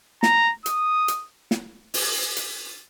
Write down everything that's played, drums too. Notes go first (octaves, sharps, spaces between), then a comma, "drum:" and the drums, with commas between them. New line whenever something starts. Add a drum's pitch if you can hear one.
A#5, drum: snare
D#6, drum: hi-hat
drum: hi-hat
drum: snare
drum: open hi-hat
drum: hi-hat